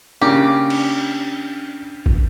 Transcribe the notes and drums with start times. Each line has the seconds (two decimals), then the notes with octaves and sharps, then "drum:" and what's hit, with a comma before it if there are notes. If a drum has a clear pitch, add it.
0.22 C#3 A#3 D4 G4
0.70 drum: cymbal
2.06 drum: kick G1